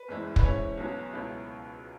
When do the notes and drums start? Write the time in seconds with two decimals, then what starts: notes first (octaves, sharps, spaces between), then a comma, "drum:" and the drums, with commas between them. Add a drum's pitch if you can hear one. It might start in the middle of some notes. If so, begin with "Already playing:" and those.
Already playing: B4
0.08 F#1 E2 E3 G#3 E4
0.36 B4, drum: kick
0.43 G#2 E3 C#4 E4 C#5
0.77 B1 B2 F#3 C#4
1.13 C#2 B2 F#3 E4